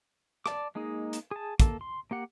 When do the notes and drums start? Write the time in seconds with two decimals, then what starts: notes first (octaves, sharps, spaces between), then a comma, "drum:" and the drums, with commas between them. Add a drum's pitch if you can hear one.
0.46 D5 A5 D6, drum: rim click
0.75 G#3 A#3 D#4 G#4
1.13 drum: hi-hat
1.31 G#4 A5
1.60 A#3 A4, drum: kick, hi-hat
1.81 C6
2.11 A#3 G4 F#5